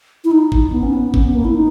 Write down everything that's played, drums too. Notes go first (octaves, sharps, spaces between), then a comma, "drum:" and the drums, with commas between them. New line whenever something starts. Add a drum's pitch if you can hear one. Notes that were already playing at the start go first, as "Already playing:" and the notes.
E4
D#4
drum: kick G1
B3
C#4
B3
C#4, drum: kick G1
B3
A#3
E4
D#4